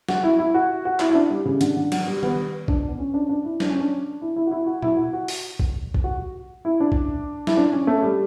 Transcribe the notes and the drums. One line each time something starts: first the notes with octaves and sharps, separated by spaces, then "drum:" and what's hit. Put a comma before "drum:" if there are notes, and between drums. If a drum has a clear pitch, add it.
F#4, drum: snare
E4
E4
F#4
F#4
E4, drum: clap
E4
D4
G3
C#3
D3, drum: hi-hat
D3
F#3, drum: cymbal
G3
B3, drum: tom D#3
D4, drum: kick B1
D4
B3
C#4
D4
D4
E4
D4, drum: snare
C#4
D4
E4
E4
F#4
E4
F#4
E4, drum: tom A#2
F#4
F#4
drum: open hi-hat
drum: kick B1
drum: kick B1
F#4
E4
D4
drum: kick B1
E4, drum: snare
D4
C#4
A3
G3